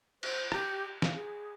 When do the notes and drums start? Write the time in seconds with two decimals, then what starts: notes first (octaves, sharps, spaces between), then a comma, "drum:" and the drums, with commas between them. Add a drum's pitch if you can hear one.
0.23 C5, drum: cymbal
0.52 G4, drum: rim click
1.02 F5, drum: snare
1.15 G#4